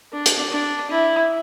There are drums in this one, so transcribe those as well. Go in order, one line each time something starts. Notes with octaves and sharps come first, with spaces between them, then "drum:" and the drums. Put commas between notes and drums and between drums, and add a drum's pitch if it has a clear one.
D4
drum: hi-hat
D4
E4